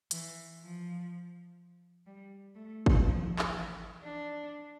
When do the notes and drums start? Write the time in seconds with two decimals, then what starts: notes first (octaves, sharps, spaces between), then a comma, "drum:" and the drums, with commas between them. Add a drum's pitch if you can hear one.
0.11 E3, drum: hi-hat
0.60 F3
2.06 G3
2.55 A3
2.86 drum: kick
3.05 F3
3.39 drum: clap
3.54 E3
4.03 D4